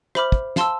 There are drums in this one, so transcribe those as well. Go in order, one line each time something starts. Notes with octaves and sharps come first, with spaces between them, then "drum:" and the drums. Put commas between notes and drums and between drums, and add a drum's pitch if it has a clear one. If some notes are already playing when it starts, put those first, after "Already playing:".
C5 E5 B5 D6 F6, drum: rim click
drum: kick
F5 A5 C6 E6, drum: snare